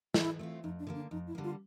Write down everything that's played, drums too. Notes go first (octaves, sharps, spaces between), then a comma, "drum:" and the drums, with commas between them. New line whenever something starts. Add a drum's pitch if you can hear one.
E3 E4, drum: snare
A3 C4 F4
F2 D#4
D4
D3 G3 A#3
D4
F2 D#4
E4
D3 G3 A#3
F4